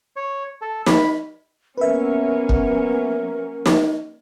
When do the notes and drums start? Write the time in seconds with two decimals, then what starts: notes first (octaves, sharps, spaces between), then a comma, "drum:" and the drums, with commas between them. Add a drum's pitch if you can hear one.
0.16 C#5
0.61 A4
0.87 B5, drum: snare
1.77 F#3 A#3 B3 C#4 A#4 B4 E5
2.49 drum: kick
3.66 drum: snare